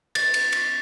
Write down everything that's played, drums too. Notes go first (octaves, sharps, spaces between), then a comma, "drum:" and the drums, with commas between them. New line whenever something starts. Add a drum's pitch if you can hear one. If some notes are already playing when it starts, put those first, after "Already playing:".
A6, drum: cymbal
drum: cymbal
drum: cymbal